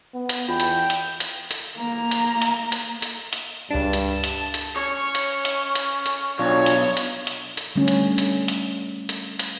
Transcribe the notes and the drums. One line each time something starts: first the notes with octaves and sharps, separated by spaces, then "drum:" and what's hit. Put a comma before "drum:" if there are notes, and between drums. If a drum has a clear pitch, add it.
B3
drum: hi-hat
E2 F4 G5
drum: hi-hat
drum: hi-hat
drum: hi-hat
drum: hi-hat
A#3 A#5
drum: hi-hat
drum: hi-hat
drum: hi-hat
drum: hi-hat
drum: hi-hat
C#2 G2 D4 A5
drum: hi-hat
drum: hi-hat
drum: hi-hat
C#4 C#5
drum: hi-hat
drum: hi-hat
drum: hi-hat
drum: hi-hat
B1 D4 F4 C#5
drum: hi-hat
drum: hi-hat
drum: hi-hat
drum: hi-hat
D3 G3 A3 C#4
drum: hi-hat
drum: hi-hat
drum: hi-hat
drum: hi-hat
drum: hi-hat